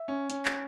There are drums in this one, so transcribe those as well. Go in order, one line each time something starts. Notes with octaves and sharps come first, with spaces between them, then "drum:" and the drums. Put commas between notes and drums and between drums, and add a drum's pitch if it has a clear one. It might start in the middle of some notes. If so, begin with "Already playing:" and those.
Already playing: E5
C#4
C#4, drum: hi-hat
drum: clap